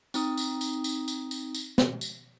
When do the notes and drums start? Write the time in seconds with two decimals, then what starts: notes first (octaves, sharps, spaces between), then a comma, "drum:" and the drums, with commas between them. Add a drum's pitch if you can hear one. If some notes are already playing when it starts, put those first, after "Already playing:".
0.14 C4 D#4 D#6, drum: tambourine
0.38 drum: tambourine
0.61 drum: tambourine
0.84 drum: tambourine
1.08 drum: tambourine
1.31 drum: tambourine
1.55 drum: tambourine
1.78 drum: snare
2.01 drum: tambourine